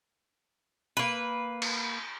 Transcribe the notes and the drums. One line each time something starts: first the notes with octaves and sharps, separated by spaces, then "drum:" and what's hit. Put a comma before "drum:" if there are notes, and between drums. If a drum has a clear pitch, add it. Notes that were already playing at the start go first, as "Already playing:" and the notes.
A#3 B4
drum: cymbal